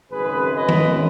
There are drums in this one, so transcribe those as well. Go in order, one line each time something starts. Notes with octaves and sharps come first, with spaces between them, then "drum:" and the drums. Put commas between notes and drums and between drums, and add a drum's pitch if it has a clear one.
G#1 F#2 C#3 G#3 C#4 G#4 B4
B4 D#5
drum: tom D#3